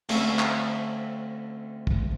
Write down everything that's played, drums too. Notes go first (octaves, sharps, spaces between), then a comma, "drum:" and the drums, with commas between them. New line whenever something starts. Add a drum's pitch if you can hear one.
D2 A3 C4 C#4 F5 C#6, drum: cymbal
drum: clap
drum: kick